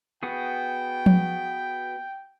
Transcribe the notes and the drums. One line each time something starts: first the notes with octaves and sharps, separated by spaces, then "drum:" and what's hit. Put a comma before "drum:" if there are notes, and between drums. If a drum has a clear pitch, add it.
B3 F#4 G#4 G5
drum: tom F3